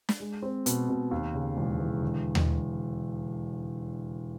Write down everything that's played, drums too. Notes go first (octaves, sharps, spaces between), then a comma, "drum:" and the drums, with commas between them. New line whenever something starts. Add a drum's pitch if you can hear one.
drum: snare
G#3
C4
B2, drum: hi-hat
B2
D#2
C#3
E1
E1
D3
drum: tom D#2